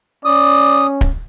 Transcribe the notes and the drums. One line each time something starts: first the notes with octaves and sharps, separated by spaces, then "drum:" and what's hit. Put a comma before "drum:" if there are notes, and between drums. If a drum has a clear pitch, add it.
C#4 D5 D#6
drum: kick D1